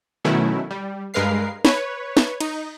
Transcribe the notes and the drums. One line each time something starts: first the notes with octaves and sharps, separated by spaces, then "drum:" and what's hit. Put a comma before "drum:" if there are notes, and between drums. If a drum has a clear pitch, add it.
B2 D#3 F#3 A3 C#4 E4
G3
G2 G#3 A#4 B4 F5 C7
B4 C#5, drum: snare
drum: snare
D#4, drum: cymbal